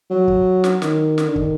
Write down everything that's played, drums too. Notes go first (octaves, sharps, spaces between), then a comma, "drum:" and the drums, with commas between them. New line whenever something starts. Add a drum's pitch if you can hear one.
F#3
drum: kick
drum: snare
D#3, drum: snare
drum: snare
D3
D#3, drum: kick